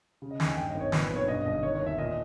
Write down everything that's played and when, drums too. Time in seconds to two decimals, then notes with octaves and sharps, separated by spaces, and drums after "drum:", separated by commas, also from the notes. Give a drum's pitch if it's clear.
0.22 C#3
0.31 D#5
0.40 D#2, drum: snare
0.48 G#5
0.57 G2 G5
0.69 D#5
0.75 G#1
0.80 C#5
0.92 A#2 B4, drum: snare
1.04 B4
1.10 B1
1.16 C#5
1.27 G2 D#5
1.46 G1 D#5
1.63 D#3 C#5
1.75 C#5
1.81 D#2
1.86 E5
1.98 A#2 D#5